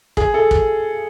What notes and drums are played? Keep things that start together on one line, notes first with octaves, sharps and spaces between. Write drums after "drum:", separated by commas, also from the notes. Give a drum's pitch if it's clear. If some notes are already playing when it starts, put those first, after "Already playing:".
G#4, drum: kick
A4
drum: kick